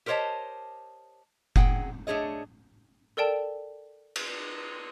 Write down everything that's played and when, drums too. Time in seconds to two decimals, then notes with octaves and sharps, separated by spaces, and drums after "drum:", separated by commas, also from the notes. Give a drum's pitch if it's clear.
0.06 G4 A#4 C5 C#5 D#5 A5
1.56 F#3 G#4 F#5 G5, drum: kick F1
2.07 A3 D4 G#4 C#5 D#5
3.17 A4 A#4 D5 G5 A5
4.16 drum: cymbal